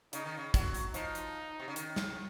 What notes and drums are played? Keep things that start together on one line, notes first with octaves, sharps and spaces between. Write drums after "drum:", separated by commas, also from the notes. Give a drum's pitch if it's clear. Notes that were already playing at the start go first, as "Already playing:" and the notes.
C#3 D#4, drum: hi-hat
D#3
C#3
F#3, drum: kick, hi-hat
drum: hi-hat
F3 D#4, drum: hi-hat
drum: hi-hat
C3
C#3
D#3, drum: hi-hat
drum: snare